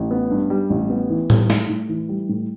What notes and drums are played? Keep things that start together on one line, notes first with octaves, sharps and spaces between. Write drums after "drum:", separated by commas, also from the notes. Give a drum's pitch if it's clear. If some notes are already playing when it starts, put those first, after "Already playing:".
Already playing: A1
B3
G2
G3
A1
B3
E3
G3, drum: tom
A2, drum: snare
A2
E3
G3
A2